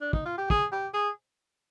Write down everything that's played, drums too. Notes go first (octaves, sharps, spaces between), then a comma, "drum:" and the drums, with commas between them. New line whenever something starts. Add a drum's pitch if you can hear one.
D4
D#4, drum: kick
F4
G4
G#4, drum: kick
G4
G#4